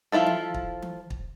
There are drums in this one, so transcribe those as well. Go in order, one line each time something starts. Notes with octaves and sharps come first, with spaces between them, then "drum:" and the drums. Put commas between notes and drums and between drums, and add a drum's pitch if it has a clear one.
F3 G3 E4 F4 A4
drum: tom E3
drum: kick
drum: tom E3
drum: kick